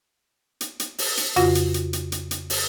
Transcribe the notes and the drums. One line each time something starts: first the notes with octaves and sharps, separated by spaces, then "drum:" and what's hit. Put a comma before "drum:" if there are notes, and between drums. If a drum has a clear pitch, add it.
drum: hi-hat
drum: hi-hat
drum: open hi-hat
drum: hi-hat
F2 C#3 F4 F#4 A#6, drum: hi-hat
drum: hi-hat
drum: hi-hat
drum: hi-hat
drum: hi-hat
drum: hi-hat
drum: open hi-hat